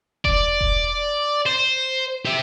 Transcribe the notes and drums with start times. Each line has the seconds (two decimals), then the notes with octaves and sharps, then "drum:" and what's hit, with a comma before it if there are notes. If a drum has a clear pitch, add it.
0.25 D5, drum: kick E1
0.61 drum: kick E1
1.46 C5
2.25 G4 E5